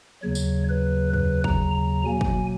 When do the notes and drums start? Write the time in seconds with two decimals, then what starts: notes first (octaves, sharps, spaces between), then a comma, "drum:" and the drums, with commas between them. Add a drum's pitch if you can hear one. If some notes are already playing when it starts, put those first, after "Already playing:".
0.22 D#2 C#3 F#3 C#5
0.35 drum: tambourine
0.69 B4
1.13 B4, drum: tom F2
1.44 A#5, drum: kick
1.75 A#5
2.05 B2 F#3 A#3 G#5
2.21 drum: kick